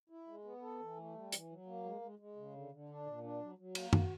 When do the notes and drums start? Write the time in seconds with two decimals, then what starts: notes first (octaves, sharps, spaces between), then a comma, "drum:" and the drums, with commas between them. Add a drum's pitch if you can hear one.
0.09 E4
0.27 G#3
0.44 B3
0.62 A4
0.79 E3
0.97 A3
1.15 G3
1.32 E3, drum: hi-hat
1.50 F#3
1.66 A#3
1.84 G#3
2.01 G#3
2.19 G#3
2.36 C#3
2.54 D3
2.72 D3
2.89 D4
3.06 A#2
3.23 D4
3.41 F#3
3.58 F#3
3.75 A#3, drum: cymbal
3.93 F#4, drum: tom F#2